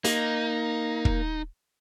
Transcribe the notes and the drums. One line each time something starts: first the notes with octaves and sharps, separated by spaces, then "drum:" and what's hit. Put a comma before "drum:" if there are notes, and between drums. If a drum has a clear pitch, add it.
A#3 D#4, drum: hi-hat
drum: kick